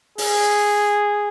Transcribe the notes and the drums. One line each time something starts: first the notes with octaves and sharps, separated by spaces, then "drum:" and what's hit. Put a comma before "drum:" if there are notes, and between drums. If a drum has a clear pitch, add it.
G#4, drum: open hi-hat